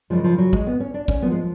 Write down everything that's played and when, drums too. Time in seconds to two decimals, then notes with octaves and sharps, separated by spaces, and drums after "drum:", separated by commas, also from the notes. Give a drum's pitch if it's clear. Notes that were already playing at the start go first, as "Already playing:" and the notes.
0.10 F#2 C#3 F3 G#3
0.24 F3
0.38 F#3
0.53 G#3, drum: kick
0.67 B3
0.80 C#4
0.94 D4
1.08 C#4, drum: kick
1.22 F#2 F3 B3
1.31 G#3